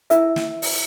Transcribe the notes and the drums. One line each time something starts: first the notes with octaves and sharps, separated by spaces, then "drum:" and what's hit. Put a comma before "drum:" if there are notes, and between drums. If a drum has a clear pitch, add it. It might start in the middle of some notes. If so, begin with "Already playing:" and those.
E4 A#4 E5, drum: hi-hat
drum: snare
drum: open hi-hat